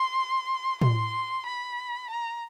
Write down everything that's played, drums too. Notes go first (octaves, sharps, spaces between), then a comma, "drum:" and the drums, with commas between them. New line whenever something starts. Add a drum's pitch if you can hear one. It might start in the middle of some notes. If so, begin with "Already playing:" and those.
Already playing: C6
C6, drum: tom A2
B5
A#5